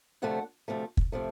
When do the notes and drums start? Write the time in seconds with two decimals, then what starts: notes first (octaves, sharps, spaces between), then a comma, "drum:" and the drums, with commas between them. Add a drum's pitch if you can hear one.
0.22 D2 C3 F3 A3 F#5
0.68 D2 C3 F3 A3
0.97 drum: kick
1.12 C3 F3 A3